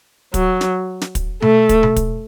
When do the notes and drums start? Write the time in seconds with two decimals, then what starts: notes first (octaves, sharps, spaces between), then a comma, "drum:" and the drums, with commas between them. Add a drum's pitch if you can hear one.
0.34 F#3, drum: kick, hi-hat
0.61 drum: snare
1.01 drum: snare
1.15 drum: kick, hi-hat
1.42 A3, drum: tom B2
1.69 drum: kick, hi-hat
1.83 drum: tom B2
1.96 drum: kick, hi-hat